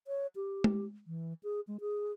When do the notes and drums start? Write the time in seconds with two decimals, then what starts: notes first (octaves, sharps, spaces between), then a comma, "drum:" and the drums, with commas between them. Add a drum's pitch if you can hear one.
0.07 C#5
0.36 G4
0.64 drum: tom G#3
1.07 E3
1.43 G#4
1.67 G#3
1.80 G#4